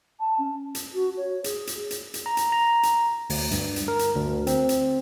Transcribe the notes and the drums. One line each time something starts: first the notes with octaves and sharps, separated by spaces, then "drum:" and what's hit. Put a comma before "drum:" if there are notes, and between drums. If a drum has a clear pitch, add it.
A5
C#4
drum: hi-hat
F#4
C#5
G#4, drum: hi-hat
drum: hi-hat
drum: hi-hat
drum: hi-hat
A#5
drum: hi-hat
A#5
drum: hi-hat
D2, drum: open hi-hat
G2, drum: hi-hat
drum: hi-hat
A#4
drum: hi-hat
D2
C4, drum: hi-hat
drum: hi-hat